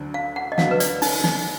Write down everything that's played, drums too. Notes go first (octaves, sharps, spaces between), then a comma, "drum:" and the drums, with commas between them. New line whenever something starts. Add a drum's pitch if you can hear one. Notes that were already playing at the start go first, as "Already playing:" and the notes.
Already playing: D2 D3 F#3 D4
F5
F#5
D#5
D2 D3 F#3 D4 F#4 F5, drum: snare
B4
D5, drum: hi-hat
D#4, drum: open hi-hat
D#4, drum: snare